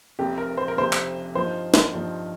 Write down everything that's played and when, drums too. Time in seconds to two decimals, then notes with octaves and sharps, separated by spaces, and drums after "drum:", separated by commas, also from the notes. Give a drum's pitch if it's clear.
0.19 F1 F2 C3 G4
0.38 A#4
0.57 C5
0.68 A#4
0.77 F1 F2 C3 C5
0.93 drum: clap
1.35 G2 F3 D#4 C5
1.74 drum: snare
1.93 G2 F3 D#4